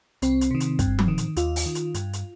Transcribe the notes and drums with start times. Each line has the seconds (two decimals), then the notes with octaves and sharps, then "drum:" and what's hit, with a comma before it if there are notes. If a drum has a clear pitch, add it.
0.22 C2 C4, drum: hi-hat
0.41 drum: hi-hat
0.51 C3 D#3
0.60 drum: hi-hat
0.79 G2, drum: kick, hi-hat
0.99 drum: tom F3
1.08 D#3
1.18 drum: hi-hat
1.36 D#2 F4, drum: hi-hat
1.56 drum: open hi-hat
1.66 D#3
1.75 drum: hi-hat
1.94 G2, drum: hi-hat
2.13 drum: hi-hat